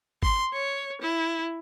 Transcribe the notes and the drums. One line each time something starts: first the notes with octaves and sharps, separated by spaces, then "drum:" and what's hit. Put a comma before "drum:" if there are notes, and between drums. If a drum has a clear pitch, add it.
C6, drum: kick G1
C#5
E4